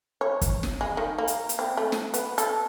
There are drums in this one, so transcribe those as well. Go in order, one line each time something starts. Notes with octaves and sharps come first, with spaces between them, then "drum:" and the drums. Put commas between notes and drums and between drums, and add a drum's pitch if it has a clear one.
C#5
drum: kick, hi-hat
drum: snare
G#3
D#3
A#3
drum: hi-hat
drum: hi-hat
C4
A3
drum: snare
B3, drum: hi-hat
A4, drum: hi-hat